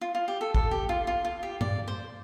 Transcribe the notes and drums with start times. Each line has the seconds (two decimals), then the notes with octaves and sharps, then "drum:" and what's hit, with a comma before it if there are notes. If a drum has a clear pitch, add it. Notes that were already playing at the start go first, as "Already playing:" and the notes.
0.01 F4
0.15 F4
0.28 G4
0.41 A4
0.55 A4, drum: kick
0.71 G4
0.89 F4
1.07 F4
1.25 F4
1.43 G4
1.61 D5, drum: tom
1.88 C5